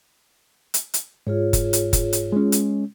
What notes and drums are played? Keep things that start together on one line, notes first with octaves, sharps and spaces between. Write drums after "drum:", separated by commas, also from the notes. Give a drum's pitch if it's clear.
drum: hi-hat
drum: hi-hat
G#2 F4 G#4 C#5
drum: kick F#1, hi-hat
drum: hi-hat
drum: kick F#1, hi-hat
drum: hi-hat
G#3 C#4
drum: hi-hat